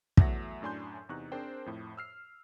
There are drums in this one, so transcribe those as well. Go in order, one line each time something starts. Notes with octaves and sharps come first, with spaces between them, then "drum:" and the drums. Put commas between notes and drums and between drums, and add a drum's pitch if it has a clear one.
E2 F#3 A3 E5 F#5 A#6, drum: kick
F#2 A2 D4 G#5 C6 G6
E2 C3 D#4 C#6 F#6
C4 D4 G#4 A#4 C5 G5
F2 A2
E6 F6 C7